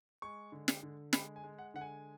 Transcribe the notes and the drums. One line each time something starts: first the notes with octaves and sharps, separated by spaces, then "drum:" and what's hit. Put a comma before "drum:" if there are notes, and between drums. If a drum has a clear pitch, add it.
G#3 C#6
D3
drum: snare
D3
G#3 B5, drum: snare
G#5
G#3
F#5
D3 F#5
G#5